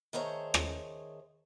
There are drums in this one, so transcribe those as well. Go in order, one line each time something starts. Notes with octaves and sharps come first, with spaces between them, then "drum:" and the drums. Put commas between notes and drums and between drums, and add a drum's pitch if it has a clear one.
D#3 A3 G#4 C5 C#5 A#5
drum: rim click